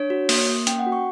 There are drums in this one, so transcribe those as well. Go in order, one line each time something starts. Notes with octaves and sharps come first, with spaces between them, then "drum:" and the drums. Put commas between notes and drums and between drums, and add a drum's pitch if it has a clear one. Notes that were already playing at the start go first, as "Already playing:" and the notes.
Already playing: D4 C#5
F#4
A#3, drum: open hi-hat
A#3
C#4 G5, drum: hi-hat
F#5
F#4
C#6